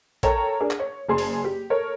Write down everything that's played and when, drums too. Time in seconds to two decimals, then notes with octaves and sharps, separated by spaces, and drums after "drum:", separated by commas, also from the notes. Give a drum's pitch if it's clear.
0.23 A4 A#4 C#5 G5 A#5, drum: kick, hi-hat
0.60 D4 G#4 A#4
0.71 drum: clap
0.80 C#5
1.09 F#1 G#4 A5 C6
1.18 drum: open hi-hat
1.44 G4
1.70 A4 A#4 C#5